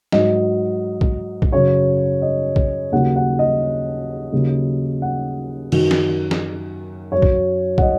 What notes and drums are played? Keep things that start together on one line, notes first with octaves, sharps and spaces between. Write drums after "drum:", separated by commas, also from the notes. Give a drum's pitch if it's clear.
G#2 F#3 D#5, drum: snare
drum: kick
drum: kick
F#2 C#3 F#3 C#5
D#5
drum: kick
D#2 C#3 F#3 F#5
F#5
D#5
D#2 C#3 F#3
F#5
F#2 D#3 F#3, drum: cymbal
drum: snare
drum: snare
F#2 F#3 C#5
drum: kick
F#5, drum: kick
D#5